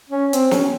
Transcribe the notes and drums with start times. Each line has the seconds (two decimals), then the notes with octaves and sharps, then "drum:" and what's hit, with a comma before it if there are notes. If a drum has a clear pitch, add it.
0.09 C#4
0.33 C4, drum: hi-hat
0.51 C#4, drum: snare